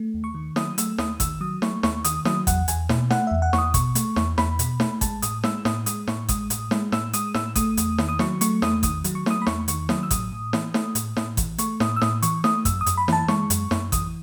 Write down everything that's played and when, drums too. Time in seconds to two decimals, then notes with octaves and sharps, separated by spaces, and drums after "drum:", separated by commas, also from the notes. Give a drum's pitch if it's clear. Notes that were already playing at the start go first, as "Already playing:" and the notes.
Already playing: A3
0.14 D#2
0.24 C#6
0.34 D#3
0.56 F#3 D#6, drum: snare
0.78 A3 E6, drum: hi-hat
0.98 D#2 D#6, drum: snare
1.20 D#3 E6, drum: kick G1, hi-hat
1.41 F#3 D#6
1.62 A3 C#6, drum: snare
1.83 D#2 C#6, drum: snare
2.04 D#3 D#6, drum: hi-hat
2.25 F#3 D#6, drum: snare
2.47 E2 F#5, drum: kick G1, hi-hat
2.68 E2 G#5, drum: hi-hat
2.89 B2, drum: snare
3.10 A3 F#5, drum: snare
3.27 E2 E5
3.42 F#5
3.53 E2 C#6, drum: snare
3.58 D#6
3.74 B2 C#6, drum: kick G1, hi-hat
3.95 A3, drum: hi-hat
4.16 E2, drum: snare
4.38 E2 B5, drum: snare
4.59 B2, drum: hi-hat
4.80 A3, drum: snare
5.01 G#3 A5, drum: kick G1, hi-hat
5.22 A2 D#6, drum: hi-hat
5.43 G#3 E6, drum: snare
5.65 A2 D#6, drum: snare
5.86 G#3 D#6, drum: hi-hat
6.07 A2 C#6, drum: snare
6.29 G#3 D#6, drum: kick G1, hi-hat
6.50 A2, drum: hi-hat
6.71 G#3, drum: snare
6.92 A2 E6, drum: snare
7.13 G#3 D#6, drum: hi-hat
7.34 A2 E6, drum: snare
7.56 A3 D#6, drum: kick G1, hi-hat
7.77 E2, drum: hi-hat
7.98 D#3, drum: snare
8.09 D#6
8.19 F#3 C#6, drum: snare
8.41 A3 C#6, drum: hi-hat
8.62 E2 D#6, drum: snare
8.83 D#3 D#6, drum: kick G1, hi-hat
9.04 F#3, drum: hi-hat
9.15 C#6
9.26 A3 D#6, drum: snare
9.42 B5
9.47 E2 C#6, drum: snare
9.68 D#3 C#6, drum: hi-hat
9.89 F#3 D#6, drum: snare
10.03 E6
10.11 A2 D#6, drum: kick G1, hi-hat
10.32 A2
10.53 E3, drum: snare
10.74 A3, drum: snare
10.95 A2, drum: hi-hat
11.17 A2, drum: snare
11.37 E3, drum: kick G1, hi-hat
11.58 A3 C#6, drum: hi-hat
11.80 A2 D#6, drum: snare
11.96 E6
12.01 A2 D#6, drum: snare
12.22 E3 C#6, drum: hi-hat
12.44 A3 D#6, drum: snare
12.65 F#2 E6, drum: kick G1, hi-hat
12.81 D#6
12.86 F#2, drum: hi-hat
12.97 B5
13.08 E3 A5, drum: snare
13.28 G#3 C#6, drum: snare
13.50 F#2, drum: hi-hat
13.71 F#2, drum: snare
13.92 E3 D#6, drum: kick G1, hi-hat